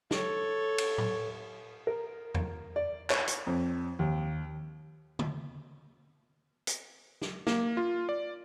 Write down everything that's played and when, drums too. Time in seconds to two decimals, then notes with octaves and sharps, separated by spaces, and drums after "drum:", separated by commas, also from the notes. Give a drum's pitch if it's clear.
0.11 A4 C#5, drum: snare
0.78 drum: cymbal
0.98 drum: tom A2
1.87 A#4
2.35 drum: tom E2
2.76 D5
3.10 C#5, drum: clap
3.28 drum: hi-hat
3.47 F2
3.99 D#2
5.19 drum: tom D3
6.67 drum: hi-hat
7.21 drum: snare
7.47 A#3, drum: snare
7.77 F4
8.09 D5